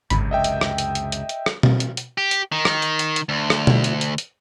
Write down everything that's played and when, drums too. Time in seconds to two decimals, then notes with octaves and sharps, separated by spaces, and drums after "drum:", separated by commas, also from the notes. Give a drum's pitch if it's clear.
0.10 G#1 C#2 F#2 C3 B5, drum: hi-hat
0.31 D#5 E5 G5
0.44 drum: hi-hat
0.61 drum: rim click
0.78 drum: hi-hat
0.95 drum: hi-hat
1.12 drum: hi-hat
1.29 drum: hi-hat
1.46 drum: rim click
1.63 drum: tom B2
1.80 drum: hi-hat
1.97 drum: hi-hat
2.18 G4
2.31 drum: hi-hat
2.52 D#3
2.65 drum: rim click
2.82 drum: hi-hat
2.99 drum: hi-hat
3.16 drum: hi-hat
3.29 D2
3.50 drum: rim click
3.67 drum: tom B2
3.84 drum: hi-hat
4.01 drum: hi-hat
4.18 drum: hi-hat